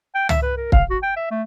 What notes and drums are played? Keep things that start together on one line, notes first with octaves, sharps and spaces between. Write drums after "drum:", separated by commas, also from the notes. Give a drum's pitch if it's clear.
G5
E5, drum: tom
B4
A#4
F5, drum: kick
F#4
G5
E5
A3